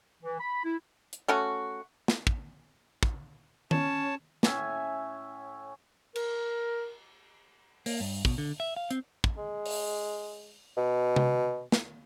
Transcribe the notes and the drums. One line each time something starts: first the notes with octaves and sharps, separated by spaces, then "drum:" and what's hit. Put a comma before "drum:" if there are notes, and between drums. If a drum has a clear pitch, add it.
E3
B5
E4
drum: hi-hat
A3 C#4 F#4
drum: snare
drum: kick
drum: kick
C#4 C#5 A5, drum: tom D#3
A2 C#4 E5 G#5, drum: snare
A#4, drum: cymbal
A#3, drum: open hi-hat
G2
B2, drum: kick
D3
E5
F5
C4, drum: hi-hat
drum: kick
G#3
drum: open hi-hat
B2
drum: tom C3
drum: snare